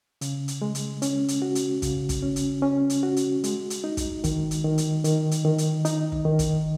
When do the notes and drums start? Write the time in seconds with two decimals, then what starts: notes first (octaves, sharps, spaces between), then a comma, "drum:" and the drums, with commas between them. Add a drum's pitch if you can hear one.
0.21 C#3, drum: hi-hat
0.48 drum: hi-hat
0.62 G#3
0.75 drum: hi-hat
1.02 C#4, drum: hi-hat
1.28 drum: hi-hat
1.42 F#4
1.55 drum: hi-hat
1.82 C#3, drum: kick, hi-hat
2.09 drum: kick, hi-hat
2.22 C#4
2.36 drum: hi-hat
2.62 C#4
2.90 drum: hi-hat
3.03 F#4
3.16 drum: hi-hat
3.44 G#3, drum: hi-hat
3.70 drum: hi-hat
3.84 D#4
3.97 drum: kick, hi-hat
4.24 D#3, drum: kick, hi-hat
4.51 drum: hi-hat
4.64 D#3
4.78 drum: hi-hat
5.04 D#3, drum: hi-hat
5.31 drum: hi-hat
5.44 D#3
5.58 drum: hi-hat
5.85 D#4, drum: hi-hat
6.12 drum: kick
6.25 D#3
6.39 drum: kick, hi-hat